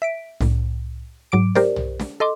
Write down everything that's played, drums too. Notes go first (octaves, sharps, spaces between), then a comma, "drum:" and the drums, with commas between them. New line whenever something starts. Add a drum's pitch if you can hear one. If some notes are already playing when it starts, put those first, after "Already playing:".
E5 B6 D7
C2 A2, drum: snare
G#2 F#3 D6 D7
G4 A#4 C5 D5, drum: snare
drum: tom
drum: snare
A4 D#5 C6 D6